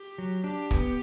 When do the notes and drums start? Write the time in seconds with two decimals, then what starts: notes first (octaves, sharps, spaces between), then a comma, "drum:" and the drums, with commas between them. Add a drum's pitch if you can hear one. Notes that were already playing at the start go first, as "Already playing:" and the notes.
Already playing: G4
0.18 F#3
0.44 D4 G4
0.71 B3, drum: kick